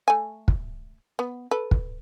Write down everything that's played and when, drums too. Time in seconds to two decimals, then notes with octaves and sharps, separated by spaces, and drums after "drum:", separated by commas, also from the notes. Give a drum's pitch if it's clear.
0.08 A3 G#5
0.48 drum: kick
1.19 B3
1.51 A4 B4
1.71 drum: kick